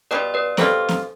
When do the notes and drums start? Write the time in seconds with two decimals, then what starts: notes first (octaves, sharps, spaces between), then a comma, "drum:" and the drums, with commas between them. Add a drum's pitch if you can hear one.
0.11 B2 G3 D4 F4 B4 D5
0.34 B4 D5
0.57 B2 G3 D4 F4 A4 C5, drum: snare C4
0.89 drum: snare C4